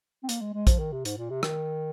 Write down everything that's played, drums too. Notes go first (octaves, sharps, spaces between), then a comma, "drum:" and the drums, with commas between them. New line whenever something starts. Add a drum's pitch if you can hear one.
C4
A#3, drum: hi-hat
G#3
G#3
F3, drum: kick A#1, hi-hat
D#3
C3
G#2, drum: hi-hat
A#2
C3
D#3, drum: rim click